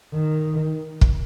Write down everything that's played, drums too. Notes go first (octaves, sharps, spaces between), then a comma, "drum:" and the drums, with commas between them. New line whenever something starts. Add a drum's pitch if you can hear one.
D#3
drum: kick